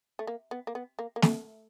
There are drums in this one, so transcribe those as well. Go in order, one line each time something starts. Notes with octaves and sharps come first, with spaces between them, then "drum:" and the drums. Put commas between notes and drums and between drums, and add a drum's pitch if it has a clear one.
A3
A#3
B3
A#3
B3
A#3
A#3
A3, drum: snare